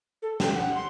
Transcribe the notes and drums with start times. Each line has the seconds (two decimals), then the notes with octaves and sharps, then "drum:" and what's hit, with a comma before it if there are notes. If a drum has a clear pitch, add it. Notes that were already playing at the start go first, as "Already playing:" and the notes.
0.22 A4
0.40 G5, drum: snare
0.55 F#5
0.76 C6